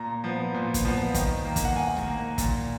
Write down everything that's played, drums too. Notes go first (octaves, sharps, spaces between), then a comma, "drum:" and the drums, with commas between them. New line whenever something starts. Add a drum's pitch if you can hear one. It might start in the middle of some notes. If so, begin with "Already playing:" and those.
Already playing: A#2 A#5
F3 B3
A#2
drum: kick, hi-hat
F3 B3
D#3, drum: kick, hi-hat
A#3
drum: kick, hi-hat
F#5
D#3 G#5
drum: snare
A#3
A#2, drum: kick, hi-hat